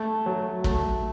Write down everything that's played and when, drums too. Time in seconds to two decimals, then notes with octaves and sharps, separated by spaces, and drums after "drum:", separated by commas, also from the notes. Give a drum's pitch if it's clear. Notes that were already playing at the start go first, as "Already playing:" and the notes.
Already playing: A3
0.26 F#3
0.64 A3, drum: kick